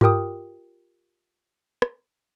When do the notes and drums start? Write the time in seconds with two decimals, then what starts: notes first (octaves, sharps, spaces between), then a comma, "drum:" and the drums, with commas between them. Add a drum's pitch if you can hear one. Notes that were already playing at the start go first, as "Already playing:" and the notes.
0.01 F4 G4 A#4 G5 D#6, drum: tom G2
1.82 drum: rim click